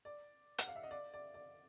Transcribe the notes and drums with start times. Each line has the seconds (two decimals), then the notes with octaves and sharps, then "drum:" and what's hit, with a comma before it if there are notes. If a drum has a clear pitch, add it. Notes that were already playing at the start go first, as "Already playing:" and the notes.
0.05 D5
0.58 F#5, drum: hi-hat
0.68 F5
0.76 E5
0.83 D#5
0.91 D5
1.14 D5
1.34 D5